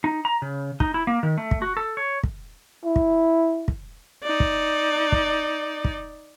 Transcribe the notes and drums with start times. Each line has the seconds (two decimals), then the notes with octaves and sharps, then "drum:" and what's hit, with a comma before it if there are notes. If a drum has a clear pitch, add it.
0.04 D#4
0.25 A#5
0.42 C#3
0.80 D#4, drum: kick
0.94 E4
1.07 A#3
1.23 D#3
1.38 A3
1.51 drum: kick
1.62 F#4
1.77 A4
1.97 C#5
2.23 drum: kick
2.85 E4
2.96 drum: kick
3.68 drum: kick
4.23 D#4 D5
4.40 drum: kick
5.12 drum: kick
5.85 drum: kick